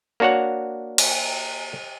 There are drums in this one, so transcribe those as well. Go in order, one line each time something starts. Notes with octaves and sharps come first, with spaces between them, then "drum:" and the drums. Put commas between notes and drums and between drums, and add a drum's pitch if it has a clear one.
A#3 D4 F#4 C#5 F#5
drum: cymbal